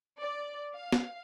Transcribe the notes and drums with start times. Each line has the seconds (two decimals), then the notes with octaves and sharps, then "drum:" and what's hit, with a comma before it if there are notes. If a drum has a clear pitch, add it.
0.19 D5
0.73 F5
0.92 drum: snare